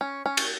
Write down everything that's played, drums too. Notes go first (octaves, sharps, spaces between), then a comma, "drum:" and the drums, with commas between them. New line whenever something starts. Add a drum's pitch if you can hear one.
C#4
C#4
drum: cymbal